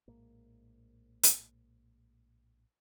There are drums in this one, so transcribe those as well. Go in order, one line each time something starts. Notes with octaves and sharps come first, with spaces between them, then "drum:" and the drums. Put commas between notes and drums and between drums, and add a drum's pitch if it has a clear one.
A#1 A2 G#3 A#3
drum: hi-hat